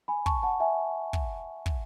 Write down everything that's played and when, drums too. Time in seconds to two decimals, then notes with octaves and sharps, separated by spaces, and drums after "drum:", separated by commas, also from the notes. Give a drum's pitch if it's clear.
0.08 G#5 B5
0.26 A5 C#6, drum: kick
0.43 F#5 A5
0.60 E5 G#5
1.13 drum: kick
1.66 drum: kick